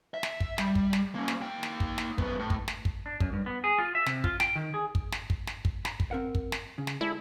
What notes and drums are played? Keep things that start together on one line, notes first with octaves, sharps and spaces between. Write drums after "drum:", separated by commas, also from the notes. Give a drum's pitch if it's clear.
E5
drum: snare
drum: kick
G3, drum: snare
drum: kick
drum: snare
A#3 C#4
drum: snare
A#3 G5
drum: snare
drum: kick
drum: snare
F#2 B3, drum: kick
A2
drum: kick
drum: snare
drum: kick
D4
F#2, drum: kick
G2
B3
G#4
F4
E5
C3, drum: snare
F4, drum: kick
G5, drum: snare
D#3
G#4
drum: kick
drum: snare
drum: kick
drum: snare
drum: kick
A#5 B5, drum: snare
drum: kick
C4 A#4 F#5
drum: kick
drum: snare
C#3
drum: snare
G#3 E4 A4 D5